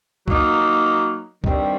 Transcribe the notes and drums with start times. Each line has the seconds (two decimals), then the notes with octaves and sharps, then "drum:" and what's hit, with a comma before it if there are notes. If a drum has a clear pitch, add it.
0.28 F#3 A#3 D#4, drum: kick
1.44 G2 D#3 G3 C4, drum: kick